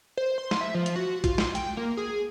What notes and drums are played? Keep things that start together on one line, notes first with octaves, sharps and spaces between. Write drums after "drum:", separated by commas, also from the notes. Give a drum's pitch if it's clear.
C5
C6
drum: snare
E5
F3
drum: hi-hat
F#4
F4, drum: kick, hi-hat
C6, drum: snare
G5, drum: hi-hat
A#3
G#4